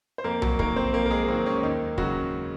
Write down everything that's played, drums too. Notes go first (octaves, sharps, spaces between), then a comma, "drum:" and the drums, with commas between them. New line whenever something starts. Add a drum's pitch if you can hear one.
C5
F2 A#3 A#4
F#3 F#4, drum: tom B1
D#3 F#3 A#3 A#4, drum: kick
C4 C5
F2 A#3 A#4
A#4
G#3 G#4
D#3 F#3 A#3 C4
C#4
C#4
D#2 D#3 D#4
C#3 F#3 G#3 F#4, drum: kick